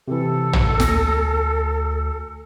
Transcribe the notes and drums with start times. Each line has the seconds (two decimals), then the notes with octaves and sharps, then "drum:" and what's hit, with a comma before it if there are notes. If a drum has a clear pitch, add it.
0.08 C3 E3 A4
0.53 drum: tom
0.80 D2 G#5 A#6, drum: snare